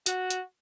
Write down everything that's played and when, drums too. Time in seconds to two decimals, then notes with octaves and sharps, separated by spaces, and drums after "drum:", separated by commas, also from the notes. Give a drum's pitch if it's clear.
0.06 F#4, drum: hi-hat
0.30 drum: hi-hat